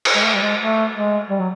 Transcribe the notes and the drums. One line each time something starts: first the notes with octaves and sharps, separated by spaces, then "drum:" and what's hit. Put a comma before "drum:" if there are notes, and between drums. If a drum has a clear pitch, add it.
drum: cymbal
G#3
A3
G3
G#3
A3
G#3
G3
F#3